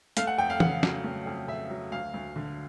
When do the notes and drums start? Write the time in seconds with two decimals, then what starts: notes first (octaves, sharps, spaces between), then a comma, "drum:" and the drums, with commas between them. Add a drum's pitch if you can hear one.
0.17 A3 F5, drum: hi-hat
0.27 F#5
0.38 F2 G5
0.50 F5
0.60 C#3 F#5, drum: tom
0.83 F#3, drum: snare
1.04 A3
1.26 F2
1.48 C#3 E5
1.70 F#3
1.92 D2 F5
2.14 D2
2.36 D3